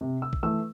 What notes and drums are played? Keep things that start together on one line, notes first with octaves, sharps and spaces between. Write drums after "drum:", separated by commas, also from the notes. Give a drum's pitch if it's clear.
C3
E6
drum: kick A#1
E3 A3 E6